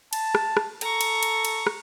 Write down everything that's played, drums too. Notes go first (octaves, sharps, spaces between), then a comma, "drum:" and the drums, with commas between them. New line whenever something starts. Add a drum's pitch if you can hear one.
A5, drum: cymbal
drum: rim click
drum: rim click
A4 A#5 C#6, drum: cymbal
drum: cymbal
drum: cymbal
drum: cymbal
drum: rim click